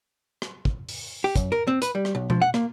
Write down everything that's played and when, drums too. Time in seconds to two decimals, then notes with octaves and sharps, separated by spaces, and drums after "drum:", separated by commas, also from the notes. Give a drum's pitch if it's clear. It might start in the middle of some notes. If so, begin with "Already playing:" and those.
0.42 drum: rim click
0.65 drum: kick
0.89 drum: open hi-hat
1.24 G4
1.36 F#2, drum: kick, hi-hat
1.52 A#4
1.67 C4
1.82 B4, drum: hi-hat
1.95 G3
2.05 drum: rim click
2.15 B1
2.30 F3, drum: tom B2
2.42 F#5
2.54 A#3, drum: rim click